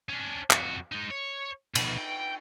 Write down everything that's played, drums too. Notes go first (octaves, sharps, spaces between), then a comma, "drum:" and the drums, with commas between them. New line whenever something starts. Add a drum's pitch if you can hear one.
C#4 D4
F2 F#4, drum: clap
G#3 D#4
C#5
B2 F3, drum: cymbal
G5